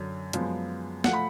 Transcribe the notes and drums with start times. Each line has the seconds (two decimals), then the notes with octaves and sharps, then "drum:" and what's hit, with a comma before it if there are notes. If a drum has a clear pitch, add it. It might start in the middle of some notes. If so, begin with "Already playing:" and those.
Already playing: F#2 D3 F#3
0.33 F#2 F3 G#3 B3, drum: hi-hat
1.04 F3 A3 F#5, drum: snare
1.13 B5